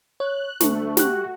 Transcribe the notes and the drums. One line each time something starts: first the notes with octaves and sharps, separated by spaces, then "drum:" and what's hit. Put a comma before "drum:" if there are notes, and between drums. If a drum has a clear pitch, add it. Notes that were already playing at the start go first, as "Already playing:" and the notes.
C#5 F#6
D2 A3 C#6, drum: snare
F#4 G4 F#6, drum: snare